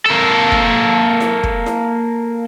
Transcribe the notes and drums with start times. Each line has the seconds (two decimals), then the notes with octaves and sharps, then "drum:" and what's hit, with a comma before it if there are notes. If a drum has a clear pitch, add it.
0.06 A#3 A4
0.52 drum: kick
1.21 drum: snare E4
1.43 drum: kick
1.66 drum: snare E4